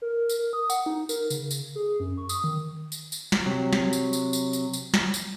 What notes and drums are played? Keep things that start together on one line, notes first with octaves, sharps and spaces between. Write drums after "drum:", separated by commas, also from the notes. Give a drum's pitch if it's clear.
A#4
drum: tambourine
A#4
D#6
F#5, drum: tambourine
D#4
A#4, drum: tambourine
C#3, drum: tambourine
drum: tambourine
G#4
F#2
C#6
D#6, drum: tambourine
D#3
drum: tambourine
drum: tambourine
drum: snare
C3 F#3
drum: snare
drum: tambourine
drum: tambourine
drum: tambourine
drum: tambourine
drum: tambourine
drum: snare
drum: tambourine